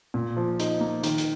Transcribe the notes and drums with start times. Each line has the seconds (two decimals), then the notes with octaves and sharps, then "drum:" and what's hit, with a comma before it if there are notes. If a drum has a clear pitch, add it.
0.14 A#2
0.37 F3
0.59 D#4, drum: hi-hat
0.81 A#3
1.03 D#3, drum: hi-hat
1.18 drum: hi-hat